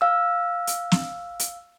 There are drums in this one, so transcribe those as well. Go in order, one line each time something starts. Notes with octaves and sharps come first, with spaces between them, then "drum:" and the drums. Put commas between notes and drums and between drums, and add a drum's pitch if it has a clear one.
F5 E6
drum: hi-hat
drum: snare
drum: hi-hat